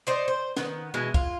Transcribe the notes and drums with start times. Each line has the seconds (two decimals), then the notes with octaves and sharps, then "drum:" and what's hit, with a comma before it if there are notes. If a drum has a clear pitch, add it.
0.07 D#4 C5 D5
0.28 C5
0.57 D#3 B3, drum: snare
0.94 B2 E3 G#3
1.14 F4, drum: kick